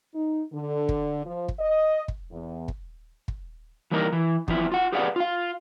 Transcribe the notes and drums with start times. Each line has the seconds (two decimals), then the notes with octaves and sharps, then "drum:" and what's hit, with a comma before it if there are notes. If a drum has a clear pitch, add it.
0.15 D#4
0.53 D3
0.89 drum: kick
1.25 F3
1.48 drum: kick
1.60 D#5
2.08 drum: kick
2.32 E2
2.68 drum: kick
3.28 drum: kick
3.91 E3 G3 A#3 D#4 G#4 A#4
4.12 E3
4.48 E2 F3 E4, drum: kick
4.72 F4 F#5
4.93 G4 G#4 B4 D5 F5 F#5
5.16 F4 F5